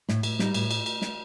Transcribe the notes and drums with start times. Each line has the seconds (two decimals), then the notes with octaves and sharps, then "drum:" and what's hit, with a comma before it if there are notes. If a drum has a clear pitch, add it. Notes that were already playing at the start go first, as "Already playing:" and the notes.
0.09 A2, drum: snare
0.23 A2, drum: cymbal
0.39 G3 D#4, drum: snare
0.54 A2, drum: cymbal
0.71 drum: cymbal
0.86 drum: cymbal
1.02 drum: snare